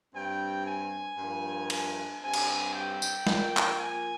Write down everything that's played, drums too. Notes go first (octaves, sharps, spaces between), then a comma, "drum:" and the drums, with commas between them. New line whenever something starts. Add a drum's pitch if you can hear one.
G2 G3 C4 G5
G#5
G2 F3 A#3
G#5, drum: cymbal
G2 G3 C4 G#5
drum: cymbal
G5
drum: tambourine
A#2 F3 A#3, drum: snare
drum: clap
G#5